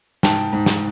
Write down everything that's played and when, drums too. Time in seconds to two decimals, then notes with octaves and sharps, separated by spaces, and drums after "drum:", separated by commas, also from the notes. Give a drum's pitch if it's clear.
0.23 G#2 G5 A5, drum: snare
0.53 G#2
0.66 drum: snare